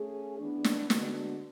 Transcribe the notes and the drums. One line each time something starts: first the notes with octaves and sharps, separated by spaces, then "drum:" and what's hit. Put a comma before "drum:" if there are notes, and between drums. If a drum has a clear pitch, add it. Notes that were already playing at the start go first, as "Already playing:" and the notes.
Already playing: A3 C#4 G#4
E3 B3 D4
drum: snare
D3 G#3 B3 D4 F#4, drum: snare